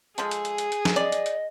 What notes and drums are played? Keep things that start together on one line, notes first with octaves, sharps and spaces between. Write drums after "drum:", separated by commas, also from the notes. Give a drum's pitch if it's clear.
F3 G#3 G#4 A4, drum: hi-hat
drum: hi-hat
drum: hi-hat
drum: hi-hat
drum: hi-hat
drum: snare
D5 D#5, drum: hi-hat
drum: hi-hat
drum: hi-hat